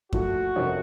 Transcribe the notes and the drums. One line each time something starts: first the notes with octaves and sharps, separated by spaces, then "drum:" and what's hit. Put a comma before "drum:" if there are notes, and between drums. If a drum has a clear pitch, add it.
A#2 F3 A3 F#4, drum: kick F#2
F2 C3 F3 A#3 C#4